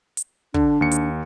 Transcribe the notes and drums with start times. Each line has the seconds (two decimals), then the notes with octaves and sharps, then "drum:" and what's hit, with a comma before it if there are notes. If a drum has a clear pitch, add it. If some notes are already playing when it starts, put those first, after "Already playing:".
0.17 drum: hi-hat
0.54 D3 D4, drum: kick
0.81 D#2 C#7
0.91 drum: hi-hat